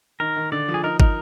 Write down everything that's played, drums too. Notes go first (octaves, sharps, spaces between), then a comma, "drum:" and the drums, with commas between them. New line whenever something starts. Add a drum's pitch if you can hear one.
D#3 A#4
D#3
D3 D5
F3
G#4
D#4 A#4
D#4 A#4, drum: kick